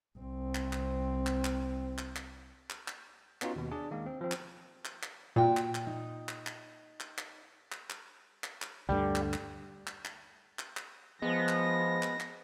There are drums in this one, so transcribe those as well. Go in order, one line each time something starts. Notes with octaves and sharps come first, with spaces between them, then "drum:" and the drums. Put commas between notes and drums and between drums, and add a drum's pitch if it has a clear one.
C2 C4
drum: clap
drum: clap
drum: clap
drum: clap
drum: clap
drum: clap
drum: clap
drum: clap
B3 C#4 D#4 F4 F#4, drum: clap
D#2 B2
D4 G#4 D5
D#3 G#3 A#3
C4
F3 C4
drum: clap
drum: clap
drum: clap
A#2 F4 F#4 G5
drum: clap
drum: clap
D#4
drum: clap
drum: clap
drum: clap
drum: clap
drum: clap
drum: clap
drum: clap
drum: clap
D2 G2 D3 G3
drum: clap
drum: clap
drum: clap
drum: clap
drum: clap
drum: clap
F3 G#3 B3 A#6
drum: clap
drum: clap
drum: clap